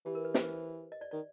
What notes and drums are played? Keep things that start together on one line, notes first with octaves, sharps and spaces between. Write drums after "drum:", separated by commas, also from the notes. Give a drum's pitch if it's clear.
E3 G4
A#4
B4
C5, drum: snare
B4
D#5
D5
D#3 D5